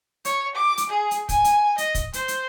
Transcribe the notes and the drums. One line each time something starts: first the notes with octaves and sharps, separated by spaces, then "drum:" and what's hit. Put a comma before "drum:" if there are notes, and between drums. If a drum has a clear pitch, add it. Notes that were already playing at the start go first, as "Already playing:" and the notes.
C#5, drum: hi-hat
D6
drum: hi-hat
G#4
drum: hi-hat
G#5, drum: kick, hi-hat
drum: hi-hat
D#5, drum: hi-hat
drum: kick, hi-hat
C5, drum: hi-hat
drum: hi-hat